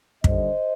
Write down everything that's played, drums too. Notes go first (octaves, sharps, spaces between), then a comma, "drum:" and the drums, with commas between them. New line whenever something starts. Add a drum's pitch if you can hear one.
D#2 D3 G3 C5 D#5, drum: kick